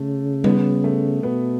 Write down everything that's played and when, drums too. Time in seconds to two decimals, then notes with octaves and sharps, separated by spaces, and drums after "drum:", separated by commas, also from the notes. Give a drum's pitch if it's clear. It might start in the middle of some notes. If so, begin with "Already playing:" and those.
Already playing: C#3 A3
0.44 B3, drum: tom G3
0.84 A3
1.23 B2 B3